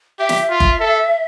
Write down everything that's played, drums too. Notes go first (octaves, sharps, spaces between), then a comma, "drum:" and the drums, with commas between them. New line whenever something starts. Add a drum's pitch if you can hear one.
G4 E5
drum: snare
F4
drum: kick F#1
A4